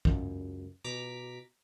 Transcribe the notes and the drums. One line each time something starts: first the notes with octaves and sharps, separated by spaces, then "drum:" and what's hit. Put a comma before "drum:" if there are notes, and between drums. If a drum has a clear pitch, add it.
C#2 F#2, drum: kick
B2 A#5 D6 B6